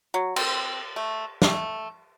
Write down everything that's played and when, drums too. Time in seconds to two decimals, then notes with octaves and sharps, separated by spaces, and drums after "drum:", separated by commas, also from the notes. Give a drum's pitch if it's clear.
0.14 F#3
0.36 C4, drum: cymbal
0.96 A3
1.42 A3, drum: snare